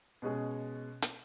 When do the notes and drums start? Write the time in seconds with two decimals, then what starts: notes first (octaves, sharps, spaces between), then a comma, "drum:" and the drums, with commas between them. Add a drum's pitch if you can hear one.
0.22 B2 G#3 C#4 G#4
1.02 drum: hi-hat